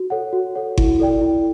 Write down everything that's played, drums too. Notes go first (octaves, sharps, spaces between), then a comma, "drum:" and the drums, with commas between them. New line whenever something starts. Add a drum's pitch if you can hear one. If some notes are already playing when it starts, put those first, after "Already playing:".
Already playing: F#4
A4 C#5 F#5
F#4
A4 C#5 F#5
E4, drum: kick G1
A4 D5 G5
E4